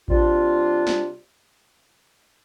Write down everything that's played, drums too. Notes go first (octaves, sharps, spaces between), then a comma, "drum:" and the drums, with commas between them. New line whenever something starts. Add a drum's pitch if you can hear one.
C3 G3 D4 F4, drum: kick A1
drum: snare